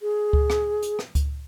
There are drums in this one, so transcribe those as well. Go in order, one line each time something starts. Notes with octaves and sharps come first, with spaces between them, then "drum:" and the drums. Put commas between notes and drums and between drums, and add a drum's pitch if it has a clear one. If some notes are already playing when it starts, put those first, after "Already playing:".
G#4
drum: kick C#2
drum: rim click
drum: hi-hat
drum: rim click
drum: kick C#2, hi-hat